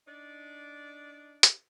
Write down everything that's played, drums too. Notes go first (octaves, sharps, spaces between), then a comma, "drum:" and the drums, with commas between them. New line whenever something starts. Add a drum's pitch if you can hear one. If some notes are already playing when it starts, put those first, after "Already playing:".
D4 D#4 D5
drum: hi-hat